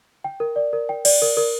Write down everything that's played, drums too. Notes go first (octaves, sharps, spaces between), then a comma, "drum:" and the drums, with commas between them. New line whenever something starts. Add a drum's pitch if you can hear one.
G5
A#4
D5
A#4
G5
D5, drum: cymbal
A#4
A#4